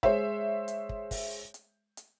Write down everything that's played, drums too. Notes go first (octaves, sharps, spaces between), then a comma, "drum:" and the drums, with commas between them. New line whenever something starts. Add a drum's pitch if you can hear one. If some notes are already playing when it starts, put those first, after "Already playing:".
G#3 C5 C#5 E5, drum: kick
drum: hi-hat
drum: kick
drum: kick, open hi-hat
drum: hi-hat
drum: hi-hat